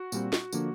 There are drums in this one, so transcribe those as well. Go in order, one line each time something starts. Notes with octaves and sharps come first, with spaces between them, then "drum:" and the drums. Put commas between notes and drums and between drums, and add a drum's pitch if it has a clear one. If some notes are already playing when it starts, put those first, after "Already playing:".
Already playing: F#4
A#2 G3 C4, drum: tambourine
drum: snare
D3 F3 A#3 D4, drum: tambourine